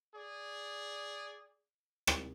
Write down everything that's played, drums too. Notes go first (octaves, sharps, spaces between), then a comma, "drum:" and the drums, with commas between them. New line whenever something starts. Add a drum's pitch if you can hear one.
G#4 D5
drum: rim click